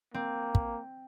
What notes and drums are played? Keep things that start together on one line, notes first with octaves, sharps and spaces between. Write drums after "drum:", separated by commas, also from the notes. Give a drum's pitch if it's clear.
A#3 C4
drum: kick